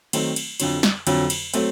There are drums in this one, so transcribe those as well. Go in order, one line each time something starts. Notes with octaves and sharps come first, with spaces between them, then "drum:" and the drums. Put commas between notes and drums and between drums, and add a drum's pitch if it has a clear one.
D#3 F#3 A3 C4, drum: cymbal
drum: cymbal
F2 D3 F#3, drum: cymbal
drum: snare
F2 D3 F#3, drum: cymbal
drum: cymbal
F#3 A3 C4, drum: cymbal